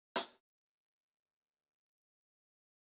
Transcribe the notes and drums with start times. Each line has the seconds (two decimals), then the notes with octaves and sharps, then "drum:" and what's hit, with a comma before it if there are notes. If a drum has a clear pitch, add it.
0.16 drum: hi-hat
0.46 D2 D#4 D5